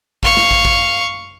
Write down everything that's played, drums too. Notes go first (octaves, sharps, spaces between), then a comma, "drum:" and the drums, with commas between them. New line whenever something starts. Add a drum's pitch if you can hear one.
F5 C#6, drum: kick
drum: snare
drum: kick
drum: kick